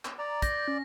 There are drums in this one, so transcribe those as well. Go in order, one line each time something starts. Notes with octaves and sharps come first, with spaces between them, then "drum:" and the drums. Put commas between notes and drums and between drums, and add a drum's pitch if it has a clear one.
drum: clap
D5 A#5
G6 A#6, drum: kick, hi-hat
C#4